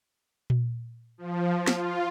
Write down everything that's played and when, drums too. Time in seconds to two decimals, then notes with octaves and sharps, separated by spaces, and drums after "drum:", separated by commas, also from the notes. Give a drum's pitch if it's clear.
0.50 drum: tom A#2
1.18 F3
1.67 F4, drum: snare